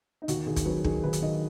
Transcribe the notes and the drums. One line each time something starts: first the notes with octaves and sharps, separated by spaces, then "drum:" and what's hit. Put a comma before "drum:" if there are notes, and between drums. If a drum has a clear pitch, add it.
D#4
D#2 F#4, drum: hi-hat
D#2 G#4
drum: kick, hi-hat
F#3 B4
D#3 G#4, drum: kick
D#2 B4
drum: hi-hat
D#2 D#5